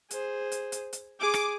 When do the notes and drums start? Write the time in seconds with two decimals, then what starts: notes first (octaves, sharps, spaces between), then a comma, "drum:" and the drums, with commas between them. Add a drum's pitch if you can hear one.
0.11 G#4 C5, drum: hi-hat
0.52 drum: hi-hat
0.72 drum: hi-hat
0.93 drum: hi-hat
1.20 G#4 D6
1.34 drum: rim click